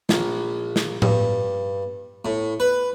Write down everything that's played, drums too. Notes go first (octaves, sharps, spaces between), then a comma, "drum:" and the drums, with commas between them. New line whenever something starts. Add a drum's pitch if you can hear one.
A#1, drum: snare
drum: snare
G2, drum: tom A2
A2
B4